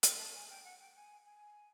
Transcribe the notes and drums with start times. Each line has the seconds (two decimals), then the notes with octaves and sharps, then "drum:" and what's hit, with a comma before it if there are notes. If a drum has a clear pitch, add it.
0.03 G5, drum: hi-hat
0.18 A5
0.34 G#5
0.49 G5
0.64 F#5
0.80 G5
0.96 G#5
1.26 G#5